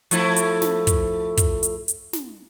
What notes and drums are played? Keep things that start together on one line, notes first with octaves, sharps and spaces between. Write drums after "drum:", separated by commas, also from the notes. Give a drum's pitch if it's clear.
F3 A3 E4, drum: hi-hat
drum: hi-hat
drum: snare
drum: kick, hi-hat
drum: kick, hi-hat
drum: hi-hat
drum: hi-hat
drum: snare